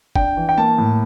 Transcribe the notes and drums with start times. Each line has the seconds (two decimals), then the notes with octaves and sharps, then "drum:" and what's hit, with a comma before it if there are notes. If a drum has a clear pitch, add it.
0.16 D4 G5, drum: kick F#1
0.37 E3
0.49 G5
0.57 A#3 A5
0.78 A2